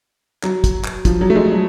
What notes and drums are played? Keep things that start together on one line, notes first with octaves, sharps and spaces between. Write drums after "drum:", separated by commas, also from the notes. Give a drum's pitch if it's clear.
F#3, drum: clap
drum: kick, hi-hat
drum: clap
F3, drum: kick, hi-hat
F#3
A3
G#3
F#3